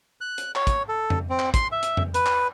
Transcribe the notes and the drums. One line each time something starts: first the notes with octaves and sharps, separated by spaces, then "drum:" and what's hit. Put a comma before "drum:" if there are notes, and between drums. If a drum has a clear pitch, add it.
F#6
drum: hi-hat
C#5, drum: clap
drum: kick, hi-hat
A4
drum: tom F2
C4
drum: clap
C6, drum: kick, hi-hat
E5
drum: hi-hat
drum: tom F2
B4, drum: hi-hat
drum: clap